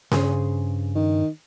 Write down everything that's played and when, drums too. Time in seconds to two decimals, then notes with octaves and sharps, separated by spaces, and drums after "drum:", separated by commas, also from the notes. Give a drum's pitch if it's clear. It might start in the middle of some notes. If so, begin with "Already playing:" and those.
0.12 G2 C#3 G#4 C5, drum: snare C#4
0.95 D#3